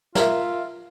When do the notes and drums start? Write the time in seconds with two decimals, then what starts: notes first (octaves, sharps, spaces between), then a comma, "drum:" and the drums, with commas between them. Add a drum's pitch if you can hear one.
0.15 F4 A#4 E5, drum: snare